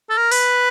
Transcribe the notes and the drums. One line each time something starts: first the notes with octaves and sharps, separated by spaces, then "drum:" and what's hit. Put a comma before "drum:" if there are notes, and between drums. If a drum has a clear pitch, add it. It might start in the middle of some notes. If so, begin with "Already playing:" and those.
A4
A#4
B4, drum: open hi-hat